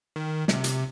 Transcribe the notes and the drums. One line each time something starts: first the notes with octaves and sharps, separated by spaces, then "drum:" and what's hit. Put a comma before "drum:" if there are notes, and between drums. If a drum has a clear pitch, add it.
D#3
C3, drum: snare
drum: hi-hat